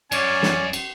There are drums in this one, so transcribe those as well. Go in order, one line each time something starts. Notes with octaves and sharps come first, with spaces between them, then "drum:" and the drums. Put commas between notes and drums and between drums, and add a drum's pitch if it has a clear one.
F#2 C#4 D5 G#5, drum: cymbal
drum: snare
drum: cymbal